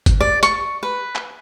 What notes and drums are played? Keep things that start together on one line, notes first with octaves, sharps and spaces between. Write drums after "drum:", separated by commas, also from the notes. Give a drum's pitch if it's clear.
drum: kick G1, hi-hat
D5
C#6, drum: hi-hat
B4
drum: clap